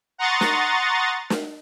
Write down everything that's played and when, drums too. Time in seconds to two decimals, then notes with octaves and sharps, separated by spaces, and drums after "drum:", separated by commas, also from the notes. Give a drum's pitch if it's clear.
0.18 F#5 A#5 C6 C#6 D#6 A6
0.41 drum: snare
1.30 drum: snare